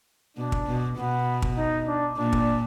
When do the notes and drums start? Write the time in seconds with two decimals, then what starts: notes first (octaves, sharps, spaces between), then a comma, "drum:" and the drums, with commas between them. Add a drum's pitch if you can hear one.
0.37 B2 D4
0.52 drum: kick
0.67 B2
0.97 B2 B3
1.42 drum: kick
1.57 D#4
1.87 D4
2.18 A#2 D4
2.33 drum: kick